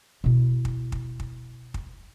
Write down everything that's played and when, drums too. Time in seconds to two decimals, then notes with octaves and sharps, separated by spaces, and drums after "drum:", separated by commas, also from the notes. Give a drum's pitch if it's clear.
0.24 B2 E4
0.65 drum: kick
0.92 drum: kick
1.20 drum: kick
1.74 drum: kick